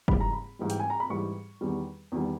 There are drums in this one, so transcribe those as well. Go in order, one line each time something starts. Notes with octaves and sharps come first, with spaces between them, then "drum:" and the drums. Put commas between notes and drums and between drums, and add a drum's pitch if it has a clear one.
G#2 E3 G3 B5, drum: kick F#1
A#5
B5
G#2 E3 G3
G5, drum: hi-hat
G#5
A#5
B5
G#2 E3 G3 C#6
E2 D#3 G3
E2 D#3 G3